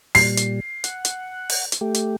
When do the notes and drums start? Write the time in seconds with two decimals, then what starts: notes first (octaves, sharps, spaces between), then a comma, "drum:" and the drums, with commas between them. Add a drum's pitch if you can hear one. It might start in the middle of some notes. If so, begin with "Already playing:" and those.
0.15 A#2 G3 C7, drum: open hi-hat
0.37 drum: hi-hat
0.84 F#5, drum: hi-hat
1.05 drum: hi-hat
1.50 drum: open hi-hat
1.72 drum: hi-hat
1.81 A3 G4
1.94 drum: hi-hat